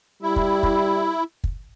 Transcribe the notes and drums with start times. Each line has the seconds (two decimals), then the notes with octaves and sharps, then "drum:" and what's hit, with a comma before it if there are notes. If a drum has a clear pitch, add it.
0.23 G3 E4
0.36 drum: kick
0.63 drum: kick
1.44 drum: kick